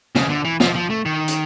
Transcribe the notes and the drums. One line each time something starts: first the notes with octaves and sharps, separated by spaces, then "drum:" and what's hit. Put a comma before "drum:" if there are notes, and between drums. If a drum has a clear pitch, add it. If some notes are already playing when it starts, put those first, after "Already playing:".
C#3, drum: snare
D3
E3
F3, drum: snare
F3
A3
D#3
drum: hi-hat